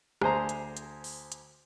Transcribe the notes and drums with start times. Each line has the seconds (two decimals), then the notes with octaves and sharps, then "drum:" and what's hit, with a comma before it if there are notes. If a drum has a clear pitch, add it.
0.21 D2 G#4 C5 A#5, drum: rim click
0.49 drum: hi-hat
0.77 drum: hi-hat
1.04 drum: open hi-hat
1.32 drum: hi-hat